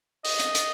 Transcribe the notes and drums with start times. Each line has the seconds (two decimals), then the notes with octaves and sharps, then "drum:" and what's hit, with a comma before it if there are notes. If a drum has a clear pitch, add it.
0.25 D#5, drum: open hi-hat
0.40 drum: hi-hat
0.55 drum: hi-hat